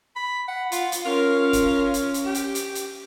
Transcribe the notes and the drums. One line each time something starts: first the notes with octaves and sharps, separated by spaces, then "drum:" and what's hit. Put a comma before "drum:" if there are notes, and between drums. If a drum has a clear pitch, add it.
B5
F#5
F4, drum: hi-hat
drum: hi-hat
C#4 F4 A#4
drum: kick, hi-hat
drum: hi-hat
drum: hi-hat
G4
drum: hi-hat
drum: hi-hat
drum: hi-hat